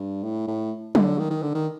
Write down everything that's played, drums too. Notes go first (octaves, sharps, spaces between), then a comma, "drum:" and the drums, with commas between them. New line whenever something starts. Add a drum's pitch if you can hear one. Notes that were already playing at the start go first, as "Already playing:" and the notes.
Already playing: G2
A2
A2
D3, drum: tom F#3
D#3
D#3
D3
D#3